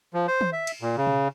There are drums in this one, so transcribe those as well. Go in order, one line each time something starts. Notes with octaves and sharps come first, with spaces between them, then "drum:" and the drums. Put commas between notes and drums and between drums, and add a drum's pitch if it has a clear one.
F3
C5
drum: tom
E5
drum: cymbal
A#2
C#3
drum: tom A#2